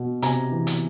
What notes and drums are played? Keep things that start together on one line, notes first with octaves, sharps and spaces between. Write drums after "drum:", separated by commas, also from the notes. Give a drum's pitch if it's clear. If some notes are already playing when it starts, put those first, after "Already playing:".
Already playing: B2
C3 G#5 A#5, drum: hi-hat
E3
drum: hi-hat